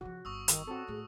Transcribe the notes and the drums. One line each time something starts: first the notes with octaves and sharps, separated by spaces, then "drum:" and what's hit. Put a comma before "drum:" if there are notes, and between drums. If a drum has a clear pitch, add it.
C#3 F3 F#4
G1 C#6 D#6 E6
D#3, drum: hi-hat
C4 F#4 A4
A2 G#4